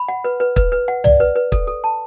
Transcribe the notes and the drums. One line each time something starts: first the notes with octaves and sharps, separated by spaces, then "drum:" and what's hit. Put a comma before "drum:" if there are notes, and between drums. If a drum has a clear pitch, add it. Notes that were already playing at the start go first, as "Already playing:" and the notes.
Already playing: B5
F#5
B4
B4
B4, drum: kick
B4
F#5
D5, drum: tom
B4
B4
A4, drum: kick
A4
A5